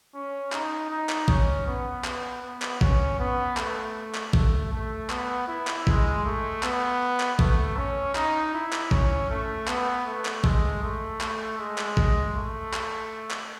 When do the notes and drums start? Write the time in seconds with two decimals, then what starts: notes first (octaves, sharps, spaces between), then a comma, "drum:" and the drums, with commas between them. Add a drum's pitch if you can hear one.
0.14 C#4
0.52 D#4, drum: clap
0.90 D#4
1.09 drum: clap
1.28 C#4, drum: kick A1
1.66 B3
2.04 B3, drum: clap
2.42 B3
2.62 drum: clap
2.81 C#4, drum: kick A1
3.19 B3
3.57 A3, drum: clap
4.15 drum: clap
4.33 A3, drum: kick A1
4.72 A3
5.10 B3, drum: clap
5.48 E4
5.67 drum: clap
5.87 G#3, drum: kick A1
6.25 A3
6.63 B3, drum: clap
7.20 drum: clap
7.39 A3, drum: kick A1
7.77 C#4
8.15 D#4, drum: clap
8.54 E4
8.73 drum: clap
8.91 C#4, drum: kick A1
9.30 A3
9.67 B3, drum: clap
10.06 A3
10.25 drum: clap
10.44 G#3, drum: kick A1
10.83 A3
11.21 A3, drum: clap
11.58 G#3
11.78 drum: clap
11.97 drum: kick A1
12.35 A3
12.73 drum: clap
13.31 drum: clap